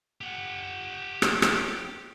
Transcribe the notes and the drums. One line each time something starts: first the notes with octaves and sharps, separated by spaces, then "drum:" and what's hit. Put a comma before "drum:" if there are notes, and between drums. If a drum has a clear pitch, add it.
G4 F#5
drum: rim click
drum: rim click